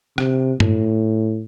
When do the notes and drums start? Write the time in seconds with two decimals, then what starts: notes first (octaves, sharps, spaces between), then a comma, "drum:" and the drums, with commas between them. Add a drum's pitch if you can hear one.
0.18 C3, drum: rim click
0.60 A2, drum: tom G2